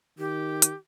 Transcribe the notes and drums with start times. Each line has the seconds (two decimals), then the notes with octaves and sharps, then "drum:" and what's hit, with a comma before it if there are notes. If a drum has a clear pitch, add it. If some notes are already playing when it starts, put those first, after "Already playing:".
0.19 D#3 G4
0.62 drum: hi-hat